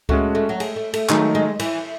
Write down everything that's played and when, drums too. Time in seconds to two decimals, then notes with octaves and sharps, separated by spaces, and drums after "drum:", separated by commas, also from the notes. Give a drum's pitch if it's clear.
0.09 G#3 A3 C#4 F#4, drum: kick C#2
0.35 A3
0.49 F#3
0.60 G#3, drum: cymbal
0.76 A3
0.94 A3, drum: cymbal
1.09 D#3 F#3 G#3 A3 D#4, drum: clap
1.35 G#3
1.60 E3, drum: cymbal